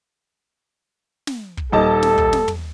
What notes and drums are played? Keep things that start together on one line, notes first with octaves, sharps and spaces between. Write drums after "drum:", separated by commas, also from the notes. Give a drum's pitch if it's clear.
drum: snare
drum: kick
D#1 D#4 A4 A5
drum: snare
drum: kick
drum: snare
drum: tom